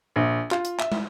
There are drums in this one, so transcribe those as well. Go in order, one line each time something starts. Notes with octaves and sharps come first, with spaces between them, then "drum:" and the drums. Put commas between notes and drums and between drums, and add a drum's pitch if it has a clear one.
A#1
F4, drum: clap
drum: hi-hat
E5, drum: clap
drum: tom